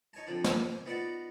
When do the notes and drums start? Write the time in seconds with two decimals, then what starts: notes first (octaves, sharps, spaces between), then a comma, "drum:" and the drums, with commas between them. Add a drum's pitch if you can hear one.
0.13 D#4 C#5 G#5 A5
0.27 F2 D3 F3 D4
0.44 drum: snare
0.69 C5 G#5
0.86 B3 D#4 F4 F#4 D5 F#5